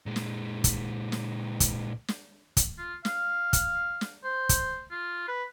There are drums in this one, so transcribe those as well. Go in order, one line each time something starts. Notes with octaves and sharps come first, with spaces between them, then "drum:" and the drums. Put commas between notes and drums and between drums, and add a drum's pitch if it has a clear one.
A#2 G#3
drum: snare
drum: kick, hi-hat
drum: snare
drum: kick, hi-hat
drum: snare
drum: kick, hi-hat
F4
F5, drum: snare
drum: kick, hi-hat
drum: snare
C5
drum: kick, hi-hat
F4
B4